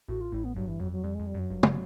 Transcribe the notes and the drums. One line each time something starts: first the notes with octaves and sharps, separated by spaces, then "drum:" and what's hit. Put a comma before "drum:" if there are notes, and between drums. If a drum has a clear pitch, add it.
A1 A2 F#4
F4
A1 A2 E4
B3
G1 G2 F#3
E3
F2 F#3
F#3
F2 G3
F2 G#3
G3
F#2 F#3
G1 G2
drum: tom